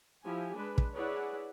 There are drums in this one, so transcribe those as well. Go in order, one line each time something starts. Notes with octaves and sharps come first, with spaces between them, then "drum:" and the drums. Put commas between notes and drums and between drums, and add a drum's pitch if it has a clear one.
F3 E4 G4 G#5
G#3 D4 B4
drum: kick
E4 G#4 B4 C#5 D5 F#5